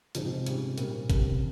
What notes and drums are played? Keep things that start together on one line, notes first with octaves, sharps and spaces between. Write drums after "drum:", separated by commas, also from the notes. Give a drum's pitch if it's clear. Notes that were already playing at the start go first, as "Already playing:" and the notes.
G#2 C#3 F3 G#3, drum: hi-hat
C3
C3
G#2 G3 C#4, drum: hi-hat
A#2 G3 A#3, drum: hi-hat
G2 C3 G3 A#3, drum: kick G#1, hi-hat